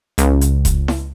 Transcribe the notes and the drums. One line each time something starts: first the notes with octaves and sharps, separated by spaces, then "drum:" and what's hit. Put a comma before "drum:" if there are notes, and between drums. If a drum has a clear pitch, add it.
C#2, drum: hi-hat
drum: hi-hat
drum: kick D#1, hi-hat
drum: snare E4